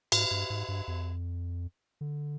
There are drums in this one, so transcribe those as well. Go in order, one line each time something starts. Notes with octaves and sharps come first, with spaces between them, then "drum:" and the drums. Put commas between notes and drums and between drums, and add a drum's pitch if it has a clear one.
G#2, drum: cymbal
G2
G#2
G2
F2
D3